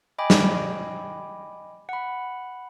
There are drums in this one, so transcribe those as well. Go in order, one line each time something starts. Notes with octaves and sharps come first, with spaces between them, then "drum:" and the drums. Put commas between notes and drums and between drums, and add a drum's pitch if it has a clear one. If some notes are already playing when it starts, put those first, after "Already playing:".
D#5 G5 G#5 B5 D6
drum: snare
F#5 B5